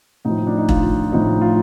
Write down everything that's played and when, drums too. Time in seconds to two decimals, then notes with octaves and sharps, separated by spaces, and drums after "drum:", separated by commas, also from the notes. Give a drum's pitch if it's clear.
0.25 A2 F3 D#4
0.47 D4
0.58 D#4
0.69 F4, drum: kick E1
1.12 A2 F3 D#4
1.41 F4